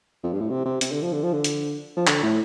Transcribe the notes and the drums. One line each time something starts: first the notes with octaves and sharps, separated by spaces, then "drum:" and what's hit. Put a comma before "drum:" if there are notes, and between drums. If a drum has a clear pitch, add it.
F2
G2
A2
C3
C3
C3, drum: hi-hat
D3
F3
D3
F3
D3
drum: hi-hat
F3
D3, drum: clap
A2